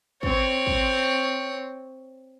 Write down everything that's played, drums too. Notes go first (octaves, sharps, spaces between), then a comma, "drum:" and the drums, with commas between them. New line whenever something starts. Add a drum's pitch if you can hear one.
C4 C#5, drum: kick
drum: kick